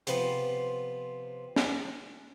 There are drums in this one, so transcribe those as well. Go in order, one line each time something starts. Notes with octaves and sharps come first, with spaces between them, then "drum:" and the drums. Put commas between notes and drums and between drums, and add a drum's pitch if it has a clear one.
C3 F3 B3, drum: hi-hat
drum: snare